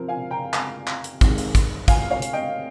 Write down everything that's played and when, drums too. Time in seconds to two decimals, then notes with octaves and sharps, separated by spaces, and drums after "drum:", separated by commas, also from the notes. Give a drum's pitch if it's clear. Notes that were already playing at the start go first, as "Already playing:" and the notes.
Already playing: C3 F3 C4 A#4
0.08 F5 G#5
0.31 G5 A#5
0.53 F5 G#5, drum: clap
0.87 drum: clap
1.04 drum: hi-hat
1.21 C3 D#3 G#3, drum: kick, hi-hat
1.38 drum: hi-hat
1.55 drum: kick, hi-hat
1.88 F5 G#5, drum: kick, hi-hat
2.10 C#5 F5
2.22 drum: hi-hat
2.33 D#5 G5